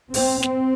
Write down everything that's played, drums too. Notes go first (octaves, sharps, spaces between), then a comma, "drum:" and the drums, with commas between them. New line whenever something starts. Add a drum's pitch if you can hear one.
C4, drum: open hi-hat
C4, drum: snare